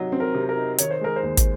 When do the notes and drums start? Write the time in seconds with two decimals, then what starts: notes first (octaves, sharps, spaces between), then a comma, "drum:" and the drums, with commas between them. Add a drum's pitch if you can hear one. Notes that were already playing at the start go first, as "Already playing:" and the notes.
Already playing: C3 F#3 D#4
0.12 C4
0.20 A#4
0.34 C3
0.49 A#4
0.56 D#4
0.78 D#3 C#5, drum: hi-hat
0.91 C5
1.01 G#3 A#4
1.16 C5
1.22 D#2
1.37 drum: kick, hi-hat